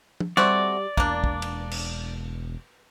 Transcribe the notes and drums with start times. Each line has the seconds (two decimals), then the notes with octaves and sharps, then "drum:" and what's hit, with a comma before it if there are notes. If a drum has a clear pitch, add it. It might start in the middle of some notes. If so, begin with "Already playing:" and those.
0.20 drum: tom
0.37 G3 A3 C4 F#4 D5, drum: snare
0.97 E1 A#3 D4, drum: kick
1.24 drum: kick
1.42 drum: cymbal
1.71 drum: cymbal